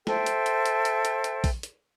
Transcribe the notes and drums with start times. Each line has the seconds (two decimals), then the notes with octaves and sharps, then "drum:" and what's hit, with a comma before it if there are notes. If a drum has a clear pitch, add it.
0.07 A4 C5 E5 G5, drum: snare
0.26 drum: hi-hat
0.46 drum: hi-hat
0.66 drum: hi-hat
0.85 drum: hi-hat
1.05 drum: hi-hat
1.24 drum: hi-hat
1.44 drum: kick A#1, open hi-hat
1.63 drum: hi-hat